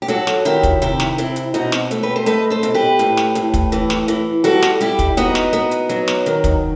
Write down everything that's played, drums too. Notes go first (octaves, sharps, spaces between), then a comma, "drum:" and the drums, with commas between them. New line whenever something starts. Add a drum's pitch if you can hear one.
G4
F#3 F#4 A4, drum: hi-hat
drum: snare
D#3 E4 G4, drum: hi-hat
drum: kick, hi-hat
C3 E4 G4, drum: hi-hat
drum: snare
C4 E4, drum: hi-hat
drum: hi-hat
B2 D#4 F#4, drum: hi-hat
drum: snare
A3, drum: hi-hat
G4 B4
C5
A3 B4 D#5, drum: hi-hat
A4 C5
B2, drum: hi-hat
G4 B4
A2, drum: hi-hat
drum: snare
A2, drum: hi-hat
drum: kick, hi-hat
E3, drum: hi-hat
drum: snare
E3, drum: hi-hat
G3 F#4 A4, drum: hi-hat
drum: snare
G3 E4 G4, drum: hi-hat
drum: kick, hi-hat
B3 D#4 F#4, drum: hi-hat
drum: snare
B3, drum: hi-hat
drum: hi-hat
F#3, drum: hi-hat
drum: snare
D#3, drum: hi-hat
drum: kick, hi-hat